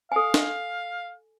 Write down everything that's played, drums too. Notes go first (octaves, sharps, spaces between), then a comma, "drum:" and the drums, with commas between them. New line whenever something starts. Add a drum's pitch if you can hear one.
A4 F5 G#5
drum: snare